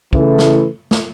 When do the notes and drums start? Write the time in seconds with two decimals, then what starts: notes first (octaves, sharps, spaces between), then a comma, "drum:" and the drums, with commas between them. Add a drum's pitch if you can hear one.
0.13 C#3 E3 A3 E4 A4, drum: kick
0.38 drum: snare
0.91 drum: snare